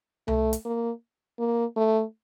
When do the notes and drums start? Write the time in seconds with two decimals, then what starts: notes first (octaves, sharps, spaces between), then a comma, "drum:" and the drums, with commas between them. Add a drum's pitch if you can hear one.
0.28 A3, drum: tom C2
0.53 drum: hi-hat
0.65 A#3
1.39 A#3
1.76 A3